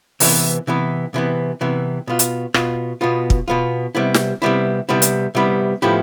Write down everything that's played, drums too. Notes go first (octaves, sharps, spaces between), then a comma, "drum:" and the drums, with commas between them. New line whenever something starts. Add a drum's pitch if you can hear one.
C3 E3 B3, drum: open hi-hat
C3 E3 B3
C3 E3 B3
C3 E3 B3
B2 B3 F4
drum: hi-hat
B2 B3 F4, drum: rim click
B2 B3 F4
drum: kick
B2 B3 F4
C3 G3 B3 E4
drum: snare
C3 G3 B3 E4
C3 G3 B3 E4
drum: hi-hat
C3 G3 B3 E4
A2 F3 B3 E4 G4